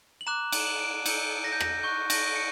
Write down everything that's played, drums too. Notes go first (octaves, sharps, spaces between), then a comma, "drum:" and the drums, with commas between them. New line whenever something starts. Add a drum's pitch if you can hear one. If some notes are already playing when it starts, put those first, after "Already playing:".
F#7
A#5 D6 F#6 E7
F#7, drum: cymbal
E7
F#7
D7
A#5 E6 G6 C#7, drum: cymbal
A#6
G6
A#6, drum: rim click
C#6 F#6 G6
A#6, drum: cymbal
C#7